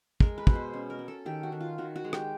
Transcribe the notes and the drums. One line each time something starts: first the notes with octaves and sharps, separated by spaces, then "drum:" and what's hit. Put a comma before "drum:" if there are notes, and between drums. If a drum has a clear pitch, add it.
G#3 A#4, drum: kick
B4
B2, drum: kick
C5
C#4
A#4
C#4
A4
D#3 G4
F#4
D#3
F4
D#3 F#4
F#4
G#3
G4, drum: rim click